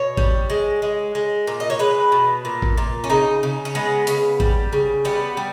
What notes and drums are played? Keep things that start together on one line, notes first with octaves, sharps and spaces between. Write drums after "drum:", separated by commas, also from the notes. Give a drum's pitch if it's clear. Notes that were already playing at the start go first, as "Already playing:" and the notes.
Already playing: B2 C#5
G3, drum: kick G#1
G#3
G#3
G#3
A#2
D#5
C#5
G#3 B4
B2
A#2
drum: kick G#1
A#2
C#4
C#3 D#4
C#3
C#4
G#3 B3
C#3, drum: hi-hat
G3, drum: kick G#1
C#3
G3 B3
G3